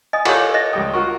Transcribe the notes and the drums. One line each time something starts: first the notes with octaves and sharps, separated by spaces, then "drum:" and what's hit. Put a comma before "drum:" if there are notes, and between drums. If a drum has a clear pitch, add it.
D#5 G#5 D#6
F4 G4 A4 C#5 F#5 D6, drum: cymbal
D#5 F#6 A#6
C#2 G3 G5 D#6
F4 F#4 A#4 C#6